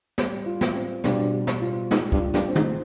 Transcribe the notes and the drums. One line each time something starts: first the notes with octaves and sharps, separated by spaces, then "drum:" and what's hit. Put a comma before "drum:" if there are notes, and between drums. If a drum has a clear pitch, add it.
G3, drum: snare
F4
drum: snare
C4
G2 B2, drum: snare
G3
drum: snare
F4
G#2 G3, drum: snare
G2, drum: kick
F4
G2, drum: snare
C4
G#2, drum: tom